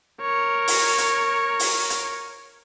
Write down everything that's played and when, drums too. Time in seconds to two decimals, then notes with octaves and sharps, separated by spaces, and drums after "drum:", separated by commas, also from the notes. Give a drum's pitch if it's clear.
0.22 A#4 C#5
0.68 drum: open hi-hat
0.98 drum: hi-hat
1.59 drum: open hi-hat
1.90 drum: hi-hat